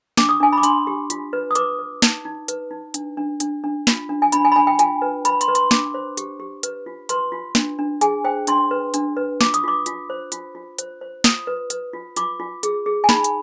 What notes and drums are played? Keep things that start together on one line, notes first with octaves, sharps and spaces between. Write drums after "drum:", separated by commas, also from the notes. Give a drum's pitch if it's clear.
D4 D6, drum: snare
D#6
D4 G#5
B5
D6
D4 C6, drum: hi-hat
G4
F4, drum: hi-hat
B4
D#6
B4 D6, drum: hi-hat
B4
D#4, drum: snare
D#4
B4, drum: hi-hat
D#4
D4, drum: hi-hat
D4
D4, drum: hi-hat
D4
F4, drum: snare
D4
G#5
D4 B5, drum: hi-hat
G#5
B5
D4 G#5
G5
F4 G#5, drum: hi-hat
B4
B4 B5, drum: hi-hat
C6, drum: hi-hat
B4
C6, drum: hi-hat
D4 D6, drum: snare
C5
G4, drum: hi-hat
G4
B4, drum: hi-hat
F4
B4 C6, drum: hi-hat
F4
D4, drum: snare
D4
G#4 G#5, drum: hi-hat
C5 G5
D4 C6, drum: hi-hat
B4
D4, drum: hi-hat
B4
F4 D6, drum: snare
D#6, drum: hi-hat
F4 D6
F4, drum: hi-hat
C5
F4, drum: hi-hat
F4
C5, drum: hi-hat
C5
F4 D#6, drum: snare
B4
B4, drum: hi-hat
F4
F4 D6, drum: hi-hat
F4
G#4, drum: hi-hat
G#4
G#5
D#4 B5, drum: snare
drum: hi-hat